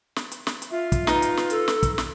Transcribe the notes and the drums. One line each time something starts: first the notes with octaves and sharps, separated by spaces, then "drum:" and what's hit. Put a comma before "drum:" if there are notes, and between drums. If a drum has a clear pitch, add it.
drum: snare
drum: hi-hat
drum: snare
drum: hi-hat
F4 E5
drum: kick, hi-hat
D#4 B4, drum: snare
drum: hi-hat
drum: snare
A4, drum: hi-hat
drum: snare
drum: kick, hi-hat
drum: snare